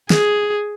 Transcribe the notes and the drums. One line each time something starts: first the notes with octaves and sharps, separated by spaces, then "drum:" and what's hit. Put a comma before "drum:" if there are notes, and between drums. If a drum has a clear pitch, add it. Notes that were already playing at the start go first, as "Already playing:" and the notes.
G#4, drum: snare